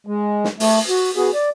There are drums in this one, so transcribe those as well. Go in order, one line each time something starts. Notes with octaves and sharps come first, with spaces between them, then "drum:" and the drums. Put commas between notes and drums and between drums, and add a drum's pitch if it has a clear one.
G#3
drum: snare
A3, drum: open hi-hat
F#4
B3 F#4 G#4
D5